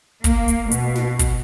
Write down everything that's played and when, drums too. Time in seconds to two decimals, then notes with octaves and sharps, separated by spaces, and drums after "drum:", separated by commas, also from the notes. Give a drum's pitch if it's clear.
0.24 A#3, drum: kick, hi-hat
0.48 drum: hi-hat
0.71 B2, drum: hi-hat
0.95 drum: snare
1.19 drum: kick, hi-hat